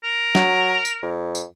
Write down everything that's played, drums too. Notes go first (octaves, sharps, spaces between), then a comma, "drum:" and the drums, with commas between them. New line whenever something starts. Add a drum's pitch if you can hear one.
A#4
F#3, drum: snare
drum: tambourine
F2
drum: tambourine